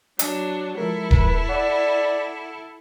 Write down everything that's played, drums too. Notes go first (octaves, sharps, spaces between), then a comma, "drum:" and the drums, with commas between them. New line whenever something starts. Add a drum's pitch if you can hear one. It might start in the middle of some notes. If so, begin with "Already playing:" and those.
F#3 D4, drum: hi-hat
F3 G#3 E4 A4 A#4
B4, drum: kick D#1
D5 F#5